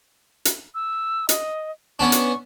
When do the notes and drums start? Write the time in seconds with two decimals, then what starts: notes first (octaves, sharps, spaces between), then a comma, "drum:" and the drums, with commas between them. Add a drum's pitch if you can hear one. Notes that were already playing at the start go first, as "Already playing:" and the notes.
0.45 drum: hi-hat
0.75 E6
1.29 D#5, drum: hi-hat
1.99 B3 C#4 D4 C#6
2.12 drum: hi-hat